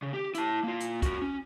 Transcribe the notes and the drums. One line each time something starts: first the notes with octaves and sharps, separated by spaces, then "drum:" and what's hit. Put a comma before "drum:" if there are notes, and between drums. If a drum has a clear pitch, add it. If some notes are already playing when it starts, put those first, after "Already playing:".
C#3
G4
E4 A5, drum: hi-hat
A#3 F4
drum: hi-hat
F#4 A#4, drum: kick C#2, hi-hat
C#4